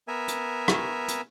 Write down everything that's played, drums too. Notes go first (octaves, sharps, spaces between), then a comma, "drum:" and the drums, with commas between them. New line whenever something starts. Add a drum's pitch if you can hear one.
B3 A#4 E5 G#5
drum: hi-hat
drum: rim click
drum: hi-hat